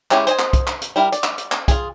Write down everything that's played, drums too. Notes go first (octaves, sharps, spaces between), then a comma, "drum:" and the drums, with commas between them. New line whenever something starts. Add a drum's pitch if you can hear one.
G#3 C#4 E4 G4, drum: clap
C5 D#5 G#5, drum: hi-hat
drum: clap
drum: kick, hi-hat
drum: clap
drum: hi-hat
G3 E4 A#4
D5, drum: hi-hat
drum: clap
drum: hi-hat
drum: clap
F4 G#4, drum: kick, hi-hat